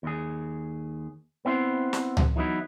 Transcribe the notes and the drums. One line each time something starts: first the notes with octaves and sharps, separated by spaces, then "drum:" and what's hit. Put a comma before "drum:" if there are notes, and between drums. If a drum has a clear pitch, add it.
D#2 G#4
B3 C4 E4 C5
drum: snare
drum: tom C#2
E3 F#3 B3 D#4 E4